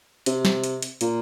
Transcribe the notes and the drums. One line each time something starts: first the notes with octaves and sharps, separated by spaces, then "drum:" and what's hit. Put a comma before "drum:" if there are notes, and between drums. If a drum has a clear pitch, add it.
C3, drum: hi-hat
drum: snare
drum: hi-hat
drum: hi-hat
A#2, drum: hi-hat